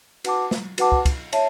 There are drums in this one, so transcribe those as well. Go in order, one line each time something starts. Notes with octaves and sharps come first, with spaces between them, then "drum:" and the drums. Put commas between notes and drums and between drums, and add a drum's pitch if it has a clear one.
F#4 B4 F#5 A5 D6, drum: cymbal
drum: snare
F#4 B4 F#5 A5 D6, drum: cymbal
drum: kick
drum: kick, cymbal
C#5 E5 A5, drum: cymbal